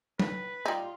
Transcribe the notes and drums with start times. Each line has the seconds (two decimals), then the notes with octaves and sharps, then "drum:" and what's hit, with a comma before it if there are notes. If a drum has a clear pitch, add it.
0.19 B4, drum: tom
0.66 G3 D#4 F4